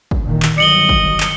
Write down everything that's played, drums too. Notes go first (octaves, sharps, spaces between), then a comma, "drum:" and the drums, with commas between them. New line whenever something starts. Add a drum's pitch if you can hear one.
drum: kick
A#2 D3 D#3
drum: clap
G1 D#3 F#3 D#5 C#7 F#7 G7
drum: kick
drum: clap